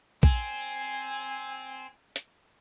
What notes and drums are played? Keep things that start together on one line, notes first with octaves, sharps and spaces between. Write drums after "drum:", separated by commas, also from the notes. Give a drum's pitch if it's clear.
C4 G#5, drum: kick
drum: hi-hat